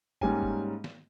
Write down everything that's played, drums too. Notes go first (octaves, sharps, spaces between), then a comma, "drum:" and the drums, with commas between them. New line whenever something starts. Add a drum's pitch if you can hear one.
G#2 G3 A#3 C#4 G#5, drum: kick
drum: kick
drum: snare